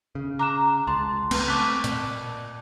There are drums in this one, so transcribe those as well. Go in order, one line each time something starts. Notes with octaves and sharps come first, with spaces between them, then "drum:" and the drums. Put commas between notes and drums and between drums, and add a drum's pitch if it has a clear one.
C#3
A#5 D6 F#6 E7
C#2 A5 C6
A3 C4 B4, drum: cymbal
A5 C#6 D6 F#6 B6
A#2, drum: hi-hat